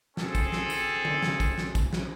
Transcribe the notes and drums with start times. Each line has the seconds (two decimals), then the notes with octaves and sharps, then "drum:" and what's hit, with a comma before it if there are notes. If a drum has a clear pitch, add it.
0.17 C4 G#4 A4, drum: snare
0.35 drum: kick, tambourine
0.52 drum: snare
0.70 drum: tambourine
1.05 drum: tom D3
1.22 drum: snare
1.40 drum: kick, tambourine
1.58 drum: snare
1.75 drum: kick, tambourine
1.93 drum: snare